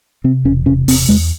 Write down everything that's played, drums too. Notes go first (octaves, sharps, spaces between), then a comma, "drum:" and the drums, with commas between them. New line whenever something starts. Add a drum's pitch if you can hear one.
C3 C4
E1 C#4
C3 C#4
E1 C4, drum: open hi-hat
E2 G#3